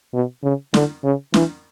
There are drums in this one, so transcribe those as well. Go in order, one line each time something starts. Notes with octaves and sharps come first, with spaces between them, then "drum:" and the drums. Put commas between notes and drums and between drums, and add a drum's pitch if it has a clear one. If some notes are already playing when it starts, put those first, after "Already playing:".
B2
C#3
D3, drum: snare
C#3
E3, drum: snare